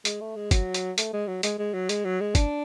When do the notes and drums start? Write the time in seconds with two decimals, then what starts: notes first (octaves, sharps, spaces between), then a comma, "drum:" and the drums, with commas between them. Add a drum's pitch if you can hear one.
0.05 G#3, drum: hi-hat
0.21 A3
0.36 G#3
0.51 F#3, drum: kick, hi-hat
0.74 drum: hi-hat
0.98 A3, drum: hi-hat
1.13 G#3
1.28 F#3
1.43 G#3, drum: hi-hat
1.59 G#3
1.74 F#3
1.89 G#3, drum: hi-hat
2.05 F#3
2.20 G#3
2.35 D4, drum: kick, hi-hat